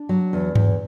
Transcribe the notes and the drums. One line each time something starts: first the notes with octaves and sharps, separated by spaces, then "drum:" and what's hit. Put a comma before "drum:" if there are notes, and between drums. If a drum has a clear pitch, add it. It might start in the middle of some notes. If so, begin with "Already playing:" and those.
Already playing: D4
F#3
E2
E2, drum: tom G2